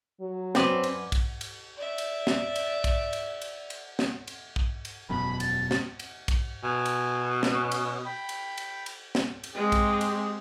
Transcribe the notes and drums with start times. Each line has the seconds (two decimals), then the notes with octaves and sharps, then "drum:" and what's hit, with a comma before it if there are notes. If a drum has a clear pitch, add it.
0.21 F#3
0.55 F#2 C4 B4 D5, drum: snare
0.84 drum: cymbal
1.12 drum: kick, cymbal
1.41 drum: cymbal
1.76 D5 E5
1.98 drum: cymbal
2.27 drum: snare
2.56 drum: cymbal
2.84 drum: kick, cymbal
3.13 drum: cymbal
3.42 drum: cymbal
3.70 drum: cymbal
3.99 drum: snare
4.28 drum: cymbal
4.56 drum: kick
4.85 drum: cymbal
5.09 E1 F#2 B2 B5
5.40 A6, drum: cymbal
5.71 drum: snare
6.00 drum: cymbal
6.28 drum: kick, cymbal
6.63 B2 G#5
6.86 drum: cymbal
7.43 drum: snare
7.53 C#4
7.72 drum: cymbal
8.05 G5 B5
8.29 drum: cymbal
8.58 drum: cymbal
8.86 drum: cymbal
9.15 drum: snare
9.44 drum: cymbal
9.55 G#3 C4 G4
9.72 drum: kick, cymbal
10.01 drum: cymbal